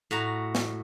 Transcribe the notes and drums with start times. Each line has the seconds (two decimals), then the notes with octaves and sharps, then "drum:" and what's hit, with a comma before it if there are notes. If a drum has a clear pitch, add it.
0.11 A2 F#4 A#5
0.55 drum: snare